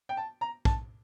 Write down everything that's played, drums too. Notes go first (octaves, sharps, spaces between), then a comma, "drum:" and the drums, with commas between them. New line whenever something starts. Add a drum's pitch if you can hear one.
G5
A5
A#5
A5, drum: kick